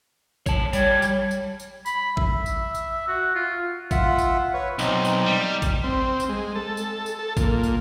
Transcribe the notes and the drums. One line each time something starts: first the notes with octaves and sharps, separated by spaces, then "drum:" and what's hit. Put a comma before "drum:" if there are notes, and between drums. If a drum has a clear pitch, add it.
C#5 A5, drum: kick A1, tambourine
G3 C#5, drum: tambourine
drum: tambourine
drum: tambourine
drum: tambourine
B5, drum: tambourine
E5, drum: kick A1
drum: tambourine
drum: tambourine
F#4
F4
F4 E5 F#5, drum: kick A1, tambourine
drum: tambourine
B4 C#5
B1 C4 D#4, drum: tambourine
drum: tambourine
G3
drum: kick A1, tambourine
C4
drum: tambourine
G#3
A4
drum: tambourine
drum: tambourine
A4
A#2, drum: kick A1, tambourine
drum: tambourine